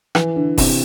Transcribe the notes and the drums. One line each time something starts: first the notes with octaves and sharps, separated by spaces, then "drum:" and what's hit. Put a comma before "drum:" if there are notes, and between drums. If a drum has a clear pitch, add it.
E3, drum: rim click
D3
C3, drum: kick F1, open hi-hat